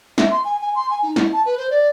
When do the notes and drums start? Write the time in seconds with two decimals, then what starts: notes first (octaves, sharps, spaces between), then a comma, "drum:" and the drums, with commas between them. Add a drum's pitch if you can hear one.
0.18 E5, drum: snare
0.31 C6
0.45 G#5
0.61 G#5
0.75 C6
0.90 G#5
1.03 D#4
1.16 E4, drum: snare
1.33 A5
1.46 B4
1.57 C5
1.70 D5